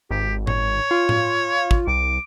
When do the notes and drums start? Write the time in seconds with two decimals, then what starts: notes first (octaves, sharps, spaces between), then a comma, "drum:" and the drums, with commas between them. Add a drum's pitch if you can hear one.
0.10 G#1 G4
0.47 C#5, drum: tom A2
0.91 F4
1.09 drum: tom A2
1.71 drum: kick
1.87 C2 D6